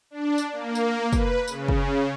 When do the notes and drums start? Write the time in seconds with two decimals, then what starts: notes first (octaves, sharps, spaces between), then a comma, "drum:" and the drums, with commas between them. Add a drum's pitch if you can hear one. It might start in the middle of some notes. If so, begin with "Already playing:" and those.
0.11 D4
0.38 drum: tambourine
0.52 A#3
0.75 drum: tambourine
1.13 B4, drum: kick, tambourine
1.48 C#3, drum: tambourine
1.68 drum: kick